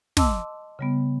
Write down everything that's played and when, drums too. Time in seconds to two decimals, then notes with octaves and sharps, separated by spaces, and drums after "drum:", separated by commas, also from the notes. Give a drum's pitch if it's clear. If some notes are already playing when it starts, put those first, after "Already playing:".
0.17 D#5 A5 C6 D6 E6, drum: snare
0.79 C#3 G3 B3